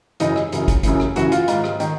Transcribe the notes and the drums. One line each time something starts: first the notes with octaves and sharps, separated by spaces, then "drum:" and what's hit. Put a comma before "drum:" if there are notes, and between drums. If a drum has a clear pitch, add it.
F#2 C#3 E3 D#4, drum: hi-hat
drum: rim click
F#2 C#3 E3, drum: hi-hat
drum: kick, hi-hat
F#2 C#3 E3, drum: kick, hi-hat
drum: rim click
F#2 C#3 E3 F#4, drum: hi-hat
F4, drum: hi-hat
G#2 D#3, drum: hi-hat
drum: rim click
D#3, drum: hi-hat